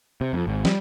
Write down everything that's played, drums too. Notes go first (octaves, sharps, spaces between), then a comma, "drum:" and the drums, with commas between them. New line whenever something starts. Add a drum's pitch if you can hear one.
C3
F2
G#1
G3, drum: snare